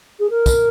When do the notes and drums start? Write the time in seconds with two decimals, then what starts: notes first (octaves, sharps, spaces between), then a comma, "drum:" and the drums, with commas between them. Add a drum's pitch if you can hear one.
0.19 G#4
0.30 A#4
0.46 drum: kick, tambourine